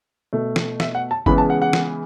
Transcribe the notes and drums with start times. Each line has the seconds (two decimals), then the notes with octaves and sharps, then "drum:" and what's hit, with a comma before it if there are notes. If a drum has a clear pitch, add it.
0.33 B2 A3
0.56 drum: snare
0.80 E5, drum: snare
0.95 F#5
1.11 A5
1.26 C#3 E3 G#3 B3 B5, drum: kick G1
1.38 A5
1.50 F#5
1.62 F#5
1.73 drum: snare